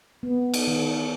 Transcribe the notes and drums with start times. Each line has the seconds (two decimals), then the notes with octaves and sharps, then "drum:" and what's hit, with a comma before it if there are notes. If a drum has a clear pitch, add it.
0.23 B3
0.54 drum: cymbal
0.67 D#3